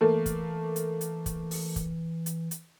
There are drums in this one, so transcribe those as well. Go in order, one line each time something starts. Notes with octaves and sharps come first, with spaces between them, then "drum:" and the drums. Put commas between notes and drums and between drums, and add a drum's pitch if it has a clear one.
E3 A3 A#3
drum: kick, hi-hat
drum: hi-hat
drum: hi-hat
drum: kick, hi-hat
drum: open hi-hat
drum: kick, hi-hat
drum: hi-hat
drum: hi-hat